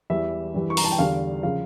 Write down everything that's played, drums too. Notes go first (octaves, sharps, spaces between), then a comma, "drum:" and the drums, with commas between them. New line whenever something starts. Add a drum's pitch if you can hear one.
E2 E3 G3 E5
G2 E3 G3
C#6
A#5, drum: open hi-hat
A5
G5
E2 D3 G3 F5
C#3 F3 F5